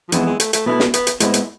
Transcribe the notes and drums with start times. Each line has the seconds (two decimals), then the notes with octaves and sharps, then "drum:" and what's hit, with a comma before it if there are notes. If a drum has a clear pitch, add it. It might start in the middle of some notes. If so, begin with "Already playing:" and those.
0.09 F3
0.12 F2 E3 G#3 B3 E4, drum: hi-hat
0.26 G#3
0.40 A3, drum: hi-hat
0.53 A3, drum: hi-hat
0.66 B2 A3 B3 E4
0.80 drum: snare
0.94 B3, drum: hi-hat
1.07 drum: hi-hat
1.20 A2 G#3 B3 C4 E4, drum: hi-hat
1.34 drum: hi-hat